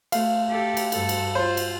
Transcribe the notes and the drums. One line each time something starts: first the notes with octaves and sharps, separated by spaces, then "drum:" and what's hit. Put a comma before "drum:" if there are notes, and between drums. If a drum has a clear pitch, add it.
A3 F5, drum: cymbal
G4 A4
drum: cymbal
G2 A4, drum: cymbal
drum: cymbal
F4 C5
drum: cymbal